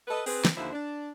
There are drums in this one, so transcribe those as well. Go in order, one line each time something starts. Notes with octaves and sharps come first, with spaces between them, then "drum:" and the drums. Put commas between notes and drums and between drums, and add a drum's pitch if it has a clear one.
A4 B4 D#5
C4 G#4 B4, drum: open hi-hat
drum: snare
D#2 D3 F3 E4 C5 E5
D4